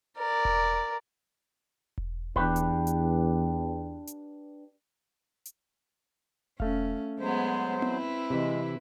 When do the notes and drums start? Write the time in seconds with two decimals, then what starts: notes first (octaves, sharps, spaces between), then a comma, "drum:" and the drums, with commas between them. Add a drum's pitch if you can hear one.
0.17 A#4 D5
0.45 drum: kick E1
1.98 drum: kick E1
2.36 E2 D4 G4 B4, drum: kick E1
2.56 drum: hi-hat
2.87 drum: hi-hat
4.07 drum: hi-hat
5.45 drum: hi-hat
6.60 A3 C#4 F5, drum: kick E1
7.20 F#3 G#3 B3 C5
7.82 C4 E4 B4, drum: tom B3
8.30 C3 E3 G#3